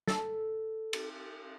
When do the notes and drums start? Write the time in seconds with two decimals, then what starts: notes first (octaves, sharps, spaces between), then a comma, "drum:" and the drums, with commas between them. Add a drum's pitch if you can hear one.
0.07 A4, drum: snare
0.93 drum: cymbal